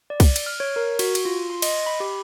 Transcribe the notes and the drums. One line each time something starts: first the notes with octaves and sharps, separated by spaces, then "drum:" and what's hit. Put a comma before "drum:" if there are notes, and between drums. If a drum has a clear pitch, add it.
D5
drum: kick, cymbal
drum: cymbal
F6
C#5
A#4
F#4, drum: cymbal
drum: cymbal
F4
C6
D#5, drum: cymbal
B5
G4